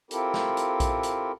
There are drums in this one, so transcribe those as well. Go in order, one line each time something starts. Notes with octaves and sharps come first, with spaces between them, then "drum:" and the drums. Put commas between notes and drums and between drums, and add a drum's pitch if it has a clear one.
C4 E4 F4 G4 A4 A#4, drum: hi-hat
drum: snare
drum: hi-hat
drum: kick A#1, hi-hat
drum: hi-hat